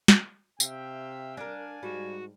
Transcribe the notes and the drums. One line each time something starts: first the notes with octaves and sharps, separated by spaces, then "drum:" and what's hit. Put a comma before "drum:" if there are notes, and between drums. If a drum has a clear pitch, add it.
drum: snare
C3 E5 F5 G5, drum: tambourine
D4 A#4 D5 F5 G#5
G#2 G3 F#4